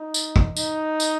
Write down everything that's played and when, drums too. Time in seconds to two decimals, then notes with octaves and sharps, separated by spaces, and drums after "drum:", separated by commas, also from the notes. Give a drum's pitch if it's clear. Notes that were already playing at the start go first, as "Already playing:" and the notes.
Already playing: D#4
0.14 drum: tambourine
0.36 drum: kick
0.57 D#4, drum: tambourine
1.00 drum: tambourine